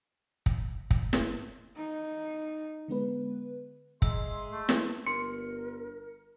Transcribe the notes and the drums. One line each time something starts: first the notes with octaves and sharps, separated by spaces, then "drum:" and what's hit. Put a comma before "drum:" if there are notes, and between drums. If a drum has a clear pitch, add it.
drum: kick
drum: kick
drum: snare
D#4
D3 G#3 B3 B4
G#3 E5 A#5 C6 E6, drum: kick
A3
drum: snare
G1 A#4 C6 C#7